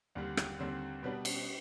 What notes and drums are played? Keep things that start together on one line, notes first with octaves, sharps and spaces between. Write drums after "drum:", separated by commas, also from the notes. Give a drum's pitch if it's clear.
D#2 D3 G3 C4
drum: rim click
D#2 D3 G3 C4
B2 G3 B3 D4
drum: cymbal